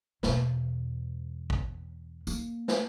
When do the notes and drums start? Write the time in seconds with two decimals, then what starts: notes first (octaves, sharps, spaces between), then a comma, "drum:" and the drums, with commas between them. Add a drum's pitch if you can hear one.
0.23 E2 B2, drum: snare
1.50 drum: kick
2.27 A#3, drum: tambourine
2.68 drum: snare